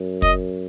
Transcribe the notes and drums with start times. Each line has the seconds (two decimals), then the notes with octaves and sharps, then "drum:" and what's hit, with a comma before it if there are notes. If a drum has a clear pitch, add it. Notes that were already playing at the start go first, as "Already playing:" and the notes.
Already playing: F#2
0.22 D#5, drum: kick